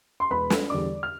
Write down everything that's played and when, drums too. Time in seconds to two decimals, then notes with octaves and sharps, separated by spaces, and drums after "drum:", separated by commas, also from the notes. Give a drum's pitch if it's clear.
0.20 C6
0.30 E1 B4 B5
0.50 drum: snare
0.70 E2 D3 G3 D4 D5 D6
1.03 F6